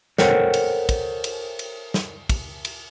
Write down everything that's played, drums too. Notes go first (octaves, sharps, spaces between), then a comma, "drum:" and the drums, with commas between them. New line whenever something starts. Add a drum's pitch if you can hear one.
A4 A#4 C5 C#5 F#5 G5, drum: snare
drum: cymbal
drum: kick, cymbal
drum: cymbal
drum: cymbal
drum: snare
drum: kick, cymbal
drum: cymbal